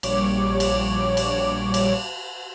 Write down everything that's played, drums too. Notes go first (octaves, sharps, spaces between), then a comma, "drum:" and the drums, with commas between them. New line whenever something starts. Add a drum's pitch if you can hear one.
A#1 G3 C#5 D6, drum: cymbal
drum: cymbal
drum: cymbal
drum: cymbal